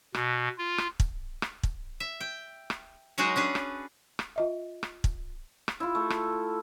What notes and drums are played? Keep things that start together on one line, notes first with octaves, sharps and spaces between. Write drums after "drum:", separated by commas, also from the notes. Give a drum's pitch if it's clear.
B2, drum: rim click
F4
drum: rim click
drum: kick
drum: rim click
drum: kick
E5
G5
drum: rim click
F#3 G#3 D#4 F#4 G#4 A#4
C#4 D4 G#4 B4
drum: rim click
drum: rim click
F4 D#5 E5
drum: rim click
drum: kick
drum: rim click
E4 F4
A3
drum: rim click